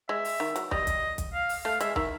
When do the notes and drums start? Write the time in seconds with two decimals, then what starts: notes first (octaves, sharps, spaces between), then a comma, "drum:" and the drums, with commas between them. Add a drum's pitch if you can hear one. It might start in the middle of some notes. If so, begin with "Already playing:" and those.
0.09 G#3 E5
0.25 drum: open hi-hat
0.40 D#3
0.56 F#3, drum: hi-hat
0.71 G3 D#5, drum: kick
0.87 drum: kick, hi-hat
1.18 drum: kick, hi-hat
1.34 F5
1.49 drum: open hi-hat
1.64 A3 F5
1.80 G#3 E5, drum: hi-hat
1.96 D#3 E5, drum: kick